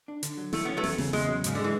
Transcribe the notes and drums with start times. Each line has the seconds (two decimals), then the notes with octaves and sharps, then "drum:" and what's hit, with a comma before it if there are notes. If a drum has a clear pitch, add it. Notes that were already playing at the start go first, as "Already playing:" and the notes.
0.08 D4
0.23 D3, drum: hi-hat
0.38 F#3
0.53 A3 E4, drum: snare
0.65 B3 C#4
0.77 F#3 A3
0.84 E2, drum: snare
0.98 C#3, drum: snare
1.13 E2 G#3, drum: snare
1.28 F#3
1.44 G#2 C#3, drum: hi-hat
1.55 D3 G#3
1.64 E3